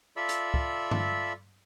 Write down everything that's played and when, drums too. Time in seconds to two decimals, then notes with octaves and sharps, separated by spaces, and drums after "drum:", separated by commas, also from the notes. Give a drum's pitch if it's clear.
0.16 F4 A4 D5 E5 B5 E6
0.29 drum: hi-hat
0.54 drum: kick
0.91 drum: tom G2